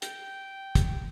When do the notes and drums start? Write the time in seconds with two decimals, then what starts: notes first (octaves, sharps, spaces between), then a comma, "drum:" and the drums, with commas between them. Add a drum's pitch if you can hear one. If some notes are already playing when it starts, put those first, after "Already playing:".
0.02 G5, drum: hi-hat
0.75 drum: kick, hi-hat